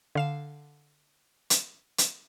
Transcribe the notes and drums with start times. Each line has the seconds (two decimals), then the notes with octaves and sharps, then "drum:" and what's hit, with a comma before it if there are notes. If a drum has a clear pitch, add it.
0.15 D3 F5 E7
1.50 drum: hi-hat
1.98 drum: hi-hat